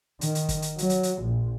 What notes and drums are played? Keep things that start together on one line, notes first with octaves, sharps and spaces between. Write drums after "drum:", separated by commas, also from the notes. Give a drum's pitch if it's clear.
D#3, drum: hi-hat
drum: hi-hat
drum: kick, hi-hat
drum: hi-hat
F#3, drum: hi-hat
drum: hi-hat
drum: hi-hat
A#1